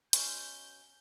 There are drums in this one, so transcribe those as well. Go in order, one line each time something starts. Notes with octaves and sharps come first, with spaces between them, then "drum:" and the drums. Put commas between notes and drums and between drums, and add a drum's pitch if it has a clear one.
B2 C#4 C6 G6, drum: hi-hat